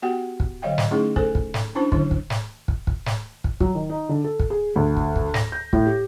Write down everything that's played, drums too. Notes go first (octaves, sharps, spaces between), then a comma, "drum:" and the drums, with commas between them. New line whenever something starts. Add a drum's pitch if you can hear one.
B3 F#4 G4 F#5 G5
drum: kick
D3 F#3 C#5 D#5 F5 G5
drum: snare
A3 C#4 D#4 E4 G#4
A4 C5 G#5, drum: kick
drum: kick
drum: snare
C#4 D4 E4 C5 A5
D3 D#3 F#3 E4, drum: kick
drum: kick
drum: snare
drum: kick
drum: kick
drum: snare
drum: kick
F#3, drum: kick
D#3
D#4
D3
A4
drum: kick
G#4
D2
drum: kick
drum: kick
A#6, drum: snare
G6
A2, drum: kick
G4